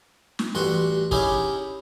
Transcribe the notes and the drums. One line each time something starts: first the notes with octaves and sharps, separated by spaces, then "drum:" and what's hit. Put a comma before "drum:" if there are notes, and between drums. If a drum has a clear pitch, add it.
drum: snare
A1 G2 F#4 F#5 C6
C#4 D#4 E4 G4 G#4, drum: kick